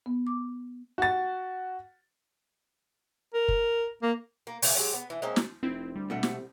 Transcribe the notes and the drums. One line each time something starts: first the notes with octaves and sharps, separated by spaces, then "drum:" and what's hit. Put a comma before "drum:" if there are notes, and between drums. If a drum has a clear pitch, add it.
B3
D6
F#4 A6
A#4
drum: kick
A#3
A#3
C#3 E3 B3, drum: open hi-hat
F#3 G#3 G4
B3
E3
G#3 A#3 C4 C#4
drum: snare
F1 C4 E4
D2 G3
B2 A3 F#4
C3, drum: snare